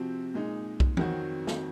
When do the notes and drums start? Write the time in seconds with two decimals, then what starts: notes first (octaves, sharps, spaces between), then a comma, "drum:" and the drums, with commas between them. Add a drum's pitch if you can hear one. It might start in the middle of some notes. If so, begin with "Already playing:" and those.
Already playing: C3 F3 C4 F#4
0.34 A#2 G#3 D#4
0.80 drum: kick B1
0.97 F2 D#3 F#3 C4 F#4, drum: tom E3
1.47 drum: snare